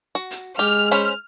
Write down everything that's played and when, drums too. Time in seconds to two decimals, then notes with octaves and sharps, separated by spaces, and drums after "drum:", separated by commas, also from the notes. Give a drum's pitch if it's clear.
0.15 F#4
0.31 drum: hi-hat
0.59 G#3 G4 F6
0.91 C#4 C5 B5, drum: hi-hat